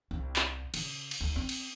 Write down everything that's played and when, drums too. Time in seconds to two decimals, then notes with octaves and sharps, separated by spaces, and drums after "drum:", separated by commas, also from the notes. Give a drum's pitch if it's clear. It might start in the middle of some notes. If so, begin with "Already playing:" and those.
0.11 C2
0.36 drum: clap
0.74 C#3, drum: cymbal
1.11 drum: cymbal
1.21 D2
1.36 C4
1.49 drum: cymbal